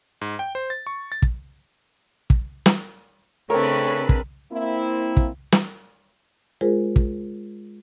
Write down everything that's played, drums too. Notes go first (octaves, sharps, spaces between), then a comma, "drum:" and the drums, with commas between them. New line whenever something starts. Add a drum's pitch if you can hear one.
G#2
G5
C5
A6
C#6
A6
drum: kick
drum: kick
drum: snare
C#3 A3 C4 D4 A#4 B4 C#5
drum: kick
A#3 C4 E4
drum: kick
drum: snare
G#3 F4 G#4 A#4 C5
drum: kick